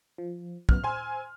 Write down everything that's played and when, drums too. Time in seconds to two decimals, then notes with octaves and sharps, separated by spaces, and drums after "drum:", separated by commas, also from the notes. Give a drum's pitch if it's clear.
0.18 F3
0.69 G#1 F#2 B3 F6, drum: kick
0.84 C5 G#5 C6 E6